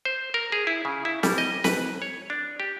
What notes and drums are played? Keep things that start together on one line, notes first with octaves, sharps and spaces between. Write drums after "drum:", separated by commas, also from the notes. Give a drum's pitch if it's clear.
C5
A#4
G#4
E4
C#3
E4
G3, drum: snare
D#5
B4, drum: snare
C#5
D4
G4